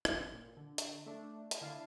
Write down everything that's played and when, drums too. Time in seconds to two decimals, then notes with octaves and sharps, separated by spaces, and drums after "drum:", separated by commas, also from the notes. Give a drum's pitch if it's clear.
0.05 A1, drum: rim click
0.33 A#2
0.57 D3
0.78 drum: hi-hat
1.06 A3 D4
1.51 drum: hi-hat
1.61 D3 E4 F5 A5